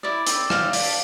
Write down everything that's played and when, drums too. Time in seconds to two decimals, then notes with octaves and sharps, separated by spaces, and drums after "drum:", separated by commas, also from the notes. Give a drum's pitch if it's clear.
0.03 E4 D5
0.27 C4, drum: hi-hat
0.50 C4 F5, drum: rim click
0.73 D4, drum: open hi-hat